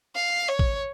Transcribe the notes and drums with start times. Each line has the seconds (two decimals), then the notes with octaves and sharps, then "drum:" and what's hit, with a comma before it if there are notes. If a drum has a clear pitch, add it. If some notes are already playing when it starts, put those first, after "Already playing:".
0.16 F5
0.48 C#5
0.59 drum: kick